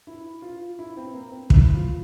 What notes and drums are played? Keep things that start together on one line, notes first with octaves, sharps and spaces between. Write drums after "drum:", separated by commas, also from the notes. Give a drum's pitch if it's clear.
E4
F4
E4
C4
A#3
C4
E4, drum: kick
F4